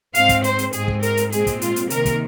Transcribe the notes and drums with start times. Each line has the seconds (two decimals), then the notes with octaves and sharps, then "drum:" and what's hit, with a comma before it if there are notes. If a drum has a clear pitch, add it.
0.15 G#2 G#3 C4 F5, drum: hi-hat
0.29 drum: kick, hi-hat
0.44 C5, drum: hi-hat
0.59 drum: hi-hat
0.73 G#2 G#3 C4 G#4, drum: hi-hat
0.88 drum: kick
1.03 A#4, drum: hi-hat
1.17 drum: hi-hat
1.32 A#2 G#3 C4 G#4, drum: hi-hat
1.47 drum: kick, hi-hat
1.62 F4, drum: hi-hat
1.76 drum: hi-hat
1.90 C3 D#3 A#3 A#4, drum: hi-hat
2.06 drum: kick, hi-hat